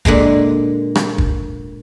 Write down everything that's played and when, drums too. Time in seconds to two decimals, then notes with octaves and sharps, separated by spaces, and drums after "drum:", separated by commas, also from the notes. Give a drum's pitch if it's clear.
0.05 A#2 D3 G#3 A#3, drum: kick
0.95 drum: rim click
1.18 drum: kick